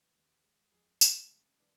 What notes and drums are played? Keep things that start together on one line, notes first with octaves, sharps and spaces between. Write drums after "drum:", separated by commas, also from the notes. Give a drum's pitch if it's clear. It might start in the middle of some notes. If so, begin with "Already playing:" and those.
Already playing: C#3 E3 G#3
D#2
G#3
F2 G#4
A3, drum: tambourine
C#3
E3 D4 D5